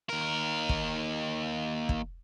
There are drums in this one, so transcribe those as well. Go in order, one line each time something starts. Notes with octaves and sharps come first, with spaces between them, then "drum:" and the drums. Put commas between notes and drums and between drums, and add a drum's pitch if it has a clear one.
D#2 A#4
drum: kick
drum: kick